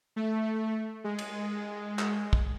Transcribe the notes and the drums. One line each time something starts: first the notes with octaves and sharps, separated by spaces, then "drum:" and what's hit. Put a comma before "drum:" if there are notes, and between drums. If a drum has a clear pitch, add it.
A3
G#3
drum: cymbal
drum: clap
drum: kick